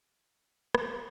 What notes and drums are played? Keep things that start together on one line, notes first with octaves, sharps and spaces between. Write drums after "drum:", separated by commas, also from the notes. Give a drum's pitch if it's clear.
F4 C5, drum: rim click